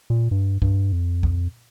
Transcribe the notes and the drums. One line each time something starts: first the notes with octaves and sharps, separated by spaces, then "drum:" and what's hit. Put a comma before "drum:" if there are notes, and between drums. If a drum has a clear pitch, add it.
A#2
G2
G2, drum: kick
F2
drum: kick